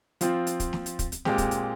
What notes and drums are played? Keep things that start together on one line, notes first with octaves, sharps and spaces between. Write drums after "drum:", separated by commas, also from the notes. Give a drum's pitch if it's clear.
F3 C4 F4, drum: hi-hat
drum: hi-hat
drum: kick, hi-hat
drum: snare
drum: hi-hat
drum: kick, hi-hat
drum: hi-hat
A#2 G#3 C4 G4, drum: snare
drum: kick, hi-hat
drum: hi-hat